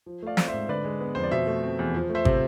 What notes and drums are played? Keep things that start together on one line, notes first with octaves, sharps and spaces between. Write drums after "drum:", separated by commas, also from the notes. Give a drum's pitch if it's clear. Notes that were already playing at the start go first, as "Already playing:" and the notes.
F3
A3 D5 F5
C4, drum: snare
C5 E5
G#2
D3 B4 D5
G#3
B3
F2 C5
D5
B2 C5 E5
A3
C4
E2
F3
A3
C5 E5
C3, drum: kick